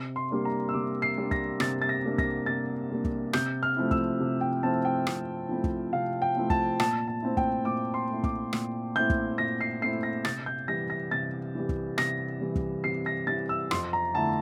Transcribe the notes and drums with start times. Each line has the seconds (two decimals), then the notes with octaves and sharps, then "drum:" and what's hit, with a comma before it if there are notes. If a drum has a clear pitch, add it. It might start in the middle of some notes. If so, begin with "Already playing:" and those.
Already playing: C3
0.16 C6
0.30 G3 A#3 D4
0.45 A#5
0.69 E6
0.73 C3 D6
1.02 C7
1.18 G3 A#3 D4
1.31 A#6, drum: kick
1.60 C3 A6, drum: rim click
1.82 A6
1.89 A#6
2.04 G3 A#3 D4
2.18 A#6, drum: kick
2.46 C3 A6
2.90 G3 A#3 D4
3.05 drum: kick
3.33 C3 G6, drum: rim click
3.63 F6
3.77 F3 A3 C4 E4
3.91 E6, drum: kick
4.20 C3
4.41 G5
4.63 F3 A3 C4 E4 A5
4.85 G5
5.07 C3, drum: rim click
5.49 F3 A3 C4 E4
5.64 drum: kick
5.93 C3 F5
6.22 G5
6.37 F3 A3 C4 E4
6.50 A5, drum: kick
6.80 A#2 A5, drum: rim click
7.08 A5
7.22 A3 C4 E4
7.37 G5, drum: kick
7.65 A#2 D6
7.94 C6
8.09 A3 C4 E4
8.24 D6, drum: kick
8.53 A#2, drum: rim click
8.95 A3 C4 E4 G6
9.10 drum: kick
9.38 A#2 A#6
9.61 C7
9.81 A3 C4 E4 C7
10.03 A#6
10.25 C3 A6, drum: rim click
10.46 G6
10.68 E3 G3 A#6
10.90 A#6
11.11 C3 A6
11.55 E3 G3
11.69 drum: kick
11.98 C3 A#6, drum: rim click
12.41 E3 G3
12.56 drum: kick
12.84 C3 C7
13.06 A#6
13.27 E3 G3 A6
13.49 E6
13.71 F2 C6, drum: rim click
13.93 A#5
14.14 D3 A3 E4 A5